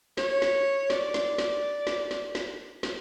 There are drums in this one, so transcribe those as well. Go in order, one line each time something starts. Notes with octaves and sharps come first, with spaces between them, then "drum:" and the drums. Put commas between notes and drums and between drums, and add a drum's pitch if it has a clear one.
C#5, drum: snare
drum: snare
D5, drum: snare
drum: snare
drum: snare
drum: snare
drum: snare
drum: snare
drum: snare